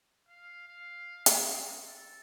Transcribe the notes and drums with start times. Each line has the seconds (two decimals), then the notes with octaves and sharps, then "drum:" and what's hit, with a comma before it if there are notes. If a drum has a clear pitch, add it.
0.28 F5
0.68 F5
1.26 drum: hi-hat
1.85 A4